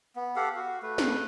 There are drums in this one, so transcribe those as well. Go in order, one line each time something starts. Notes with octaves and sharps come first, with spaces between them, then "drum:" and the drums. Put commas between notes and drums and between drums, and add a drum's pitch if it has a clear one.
B3
G4 A4 F5 F#5
F#4
A3 B4
drum: snare